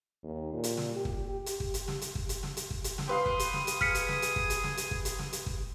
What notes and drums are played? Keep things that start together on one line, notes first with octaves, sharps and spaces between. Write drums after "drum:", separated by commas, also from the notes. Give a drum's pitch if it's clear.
D#2
A#2
drum: hi-hat
drum: snare
G4
drum: kick
G4
drum: hi-hat
drum: kick
drum: hi-hat
drum: snare
drum: hi-hat
drum: kick
drum: hi-hat
drum: snare
drum: hi-hat
drum: kick
drum: hi-hat
drum: snare
G4 B4 F5 C6 D#6
drum: kick
drum: hi-hat
drum: snare
drum: hi-hat
G#4 F6 B6 C#7, drum: kick
drum: hi-hat
drum: snare
drum: hi-hat
drum: kick
drum: hi-hat
drum: snare
drum: hi-hat
drum: kick
drum: hi-hat
drum: snare
drum: hi-hat
drum: kick